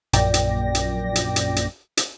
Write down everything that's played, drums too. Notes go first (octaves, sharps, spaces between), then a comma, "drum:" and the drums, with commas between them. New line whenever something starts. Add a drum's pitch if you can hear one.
A#1 F#2 A#2 D5 G5 A#6, drum: hi-hat
drum: hi-hat
drum: hi-hat
drum: hi-hat
drum: hi-hat
drum: hi-hat
drum: hi-hat